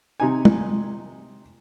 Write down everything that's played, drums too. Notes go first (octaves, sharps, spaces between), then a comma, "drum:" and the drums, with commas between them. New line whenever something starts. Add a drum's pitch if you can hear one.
C3 D#4 G#5
drum: tom